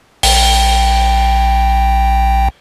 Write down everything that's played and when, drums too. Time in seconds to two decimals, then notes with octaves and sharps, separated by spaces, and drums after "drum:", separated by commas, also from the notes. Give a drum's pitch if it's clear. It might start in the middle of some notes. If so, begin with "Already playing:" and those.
0.23 A#1 G5, drum: open hi-hat